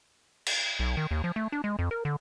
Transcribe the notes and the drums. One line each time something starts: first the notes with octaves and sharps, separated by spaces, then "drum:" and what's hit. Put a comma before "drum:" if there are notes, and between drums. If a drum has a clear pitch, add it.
drum: cymbal
B1
D#3
D#2
F3
A3
D4
G#3
F2
A#4
D3